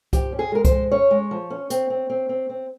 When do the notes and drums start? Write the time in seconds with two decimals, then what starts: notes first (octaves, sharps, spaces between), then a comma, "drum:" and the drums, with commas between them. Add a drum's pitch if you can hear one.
0.13 F3 G4, drum: kick C2, hi-hat
0.32 C#4
0.39 G#4
0.52 G#3 A#4
0.65 C5, drum: kick C2, hi-hat
0.71 G#3
0.92 C#4 C#5
1.11 G#3
1.31 F3
1.50 C#4
1.70 C4, drum: hi-hat
1.90 C4
2.10 C4
2.29 C4
2.49 C4